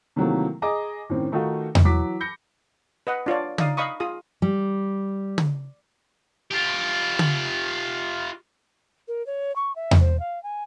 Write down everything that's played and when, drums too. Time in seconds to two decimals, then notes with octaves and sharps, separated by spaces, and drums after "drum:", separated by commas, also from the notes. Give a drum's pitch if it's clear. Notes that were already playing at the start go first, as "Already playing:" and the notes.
0.16 C3 D#3 E3 F#3 A3 A#3
0.62 G#4 D#5 A#5 D6
1.10 A2 D#3 C4 C#4
1.32 D#3 A3 D#4 F4 F#4
1.75 drum: tom E2
1.84 E3 F#3 D6 B6
2.20 B5 G6 A#6 C#7
3.07 B4 D#5 F#5
3.26 D4 F4 C#5 D5
3.58 D#4 D5 F5 D#6, drum: tom
3.77 D#5 F5 B5 C#6 D#6
4.00 F4 G#4 D#6
4.42 G3
5.38 drum: tom
6.51 F4 G4
7.19 drum: tom
9.08 A#4
9.26 C#5
9.56 C#6
9.76 E5
9.91 drum: tom E2
10.01 C5
10.20 F5
10.43 G#5